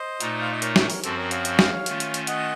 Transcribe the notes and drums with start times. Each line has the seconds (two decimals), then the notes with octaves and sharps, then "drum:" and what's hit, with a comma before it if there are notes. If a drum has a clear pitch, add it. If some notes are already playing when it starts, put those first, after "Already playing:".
Already playing: C5 D#5
0.20 A#2 A3 D#4, drum: hi-hat
0.41 F5
0.52 D#5
0.62 A#4 C#5, drum: hi-hat
0.76 drum: snare
0.90 drum: open hi-hat
1.04 F#2 F3 C4 F#4 A4 C5, drum: hi-hat
1.17 A#4 C#5
1.31 C#5 F5, drum: hi-hat
1.45 drum: hi-hat
1.59 drum: snare
1.86 D#3 A3 C#4 F4, drum: hi-hat
2.00 drum: hi-hat
2.14 drum: hi-hat
2.27 D#5 F#5, drum: hi-hat